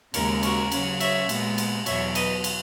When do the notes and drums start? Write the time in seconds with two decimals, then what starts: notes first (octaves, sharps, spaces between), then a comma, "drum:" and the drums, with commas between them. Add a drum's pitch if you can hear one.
0.14 D#2 C#3 G#3 C#4 A#4 C#5, drum: cymbal
0.43 F#4 A#4, drum: cymbal
0.72 C#3 F#3 C#4, drum: cymbal
1.00 C#5 E5, drum: cymbal
1.29 A#2 G#3 B3, drum: cymbal
1.58 drum: cymbal
1.86 E2 B2 F#3 B3 C#5 E5, drum: cymbal
2.15 B4 D#5, drum: cymbal
2.44 drum: cymbal